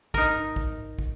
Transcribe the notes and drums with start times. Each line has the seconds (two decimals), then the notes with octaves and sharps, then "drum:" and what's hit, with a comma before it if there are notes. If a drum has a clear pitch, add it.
0.14 D#4 A#4, drum: kick, hi-hat
0.56 drum: kick
0.99 drum: kick